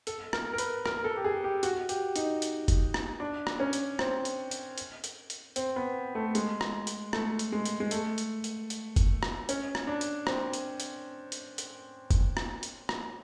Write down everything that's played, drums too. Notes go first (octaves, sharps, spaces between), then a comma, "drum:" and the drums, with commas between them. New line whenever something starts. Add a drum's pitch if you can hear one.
A4, drum: hi-hat
A#4, drum: rim click
A#4
B4, drum: hi-hat
A#4, drum: rim click
A4
G4
G#4
G4
F#4, drum: hi-hat
G4, drum: hi-hat
D#4, drum: hi-hat
drum: hi-hat
drum: kick F#1, hi-hat
drum: rim click
D4
drum: rim click
C#4
drum: hi-hat
C4, drum: rim click
drum: hi-hat
drum: hi-hat
drum: hi-hat
drum: hi-hat
drum: hi-hat
C4, drum: hi-hat
B3
A3
G#3, drum: hi-hat
drum: rim click
drum: hi-hat
A3, drum: rim click
drum: hi-hat
G#3
drum: hi-hat
G#3
A3, drum: hi-hat
drum: hi-hat
drum: hi-hat
drum: hi-hat
drum: kick F#1, hi-hat
drum: rim click
C#4, drum: hi-hat
drum: rim click
D4
drum: hi-hat
C4, drum: rim click
drum: hi-hat
drum: hi-hat
drum: hi-hat
drum: hi-hat
drum: kick F#1, hi-hat
drum: rim click
drum: hi-hat
drum: rim click